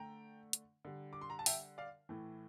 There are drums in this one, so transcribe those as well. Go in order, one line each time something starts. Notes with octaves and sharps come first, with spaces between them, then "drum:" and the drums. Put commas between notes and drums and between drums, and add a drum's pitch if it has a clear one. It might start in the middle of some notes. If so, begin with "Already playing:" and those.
Already playing: D3 A3 G5 A#5
drum: hi-hat
D3 G3
D6
C6
A#5
A5
E5 G5, drum: open hi-hat
D5 F5
A2 E3 A3